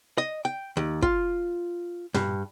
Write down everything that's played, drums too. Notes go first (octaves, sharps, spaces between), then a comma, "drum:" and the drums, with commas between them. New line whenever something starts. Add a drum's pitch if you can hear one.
D#5
G5
D#2
F4, drum: kick
G2, drum: tom